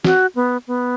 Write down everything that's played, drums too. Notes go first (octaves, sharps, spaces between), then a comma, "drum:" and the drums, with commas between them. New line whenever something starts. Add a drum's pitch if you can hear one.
F#4, drum: snare
B3
B3